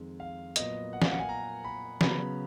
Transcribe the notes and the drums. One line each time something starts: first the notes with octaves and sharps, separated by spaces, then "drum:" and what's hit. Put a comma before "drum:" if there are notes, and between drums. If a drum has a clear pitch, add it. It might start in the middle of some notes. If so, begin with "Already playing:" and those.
Already playing: F2 D#3 G#3
F5
A#2 F#3 B3 D#5, drum: hi-hat
F#5
F5, drum: snare
F#5
G#5
A#5
B5
C#3 F#3 B3 B5, drum: snare